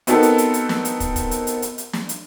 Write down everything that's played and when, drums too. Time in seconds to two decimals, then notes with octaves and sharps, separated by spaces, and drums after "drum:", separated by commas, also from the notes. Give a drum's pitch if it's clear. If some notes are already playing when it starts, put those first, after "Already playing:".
0.07 B3 C4 D#4 F#4 A4 A#4, drum: hi-hat
0.23 drum: hi-hat
0.38 drum: hi-hat
0.54 drum: hi-hat
0.69 drum: snare
0.85 drum: hi-hat
1.00 drum: kick, hi-hat
1.16 drum: kick, hi-hat
1.31 drum: hi-hat
1.47 drum: hi-hat
1.62 drum: hi-hat
1.78 drum: hi-hat
1.93 drum: snare
2.09 drum: hi-hat